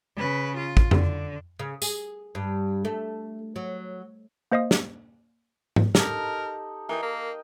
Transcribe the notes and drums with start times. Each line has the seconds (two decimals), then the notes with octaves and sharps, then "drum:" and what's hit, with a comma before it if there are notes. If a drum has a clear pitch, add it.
0.17 C#3 B4
0.57 F4
0.77 drum: kick
0.91 D3, drum: tom F2
1.59 C#3
1.82 G#4, drum: tambourine
2.35 G2
2.85 A3
3.56 F#3
4.52 A#3 C5 D#5 F5 D#6
4.71 drum: snare
5.76 drum: tom G#2
5.95 D#4 G4 A4 A#4, drum: snare
6.89 E3 A#4 D#5 G5
7.02 A#3